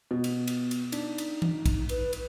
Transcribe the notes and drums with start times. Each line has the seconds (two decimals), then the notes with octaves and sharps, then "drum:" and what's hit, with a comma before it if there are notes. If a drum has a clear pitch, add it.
0.11 B2
0.24 drum: cymbal
0.48 drum: cymbal
0.71 drum: cymbal
0.92 D4 D#4, drum: cymbal
1.18 drum: cymbal
1.42 drum: tom E3
1.66 drum: kick, cymbal
1.89 B4, drum: cymbal
2.13 drum: cymbal